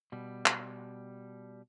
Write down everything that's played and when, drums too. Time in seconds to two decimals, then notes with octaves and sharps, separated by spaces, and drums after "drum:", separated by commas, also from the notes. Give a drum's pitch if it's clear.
0.12 B2 G3
0.46 drum: clap